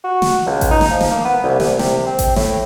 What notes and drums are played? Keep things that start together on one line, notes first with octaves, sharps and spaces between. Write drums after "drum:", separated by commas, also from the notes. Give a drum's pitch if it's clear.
F#4
drum: snare
C#2
drum: kick A1, hi-hat
D#4
drum: snare
F3
drum: snare
A#3
B3
C2
C2, drum: snare
C3, drum: snare
C4
drum: kick A1, hi-hat
A2, drum: snare